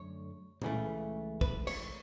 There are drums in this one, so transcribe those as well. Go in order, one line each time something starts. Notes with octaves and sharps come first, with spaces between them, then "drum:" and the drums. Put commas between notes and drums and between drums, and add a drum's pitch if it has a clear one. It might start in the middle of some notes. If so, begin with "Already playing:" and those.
Already playing: F#2 D3 A3 C#5
C#2 C#3 E3 A3, drum: tom
B4, drum: kick
C#5, drum: cymbal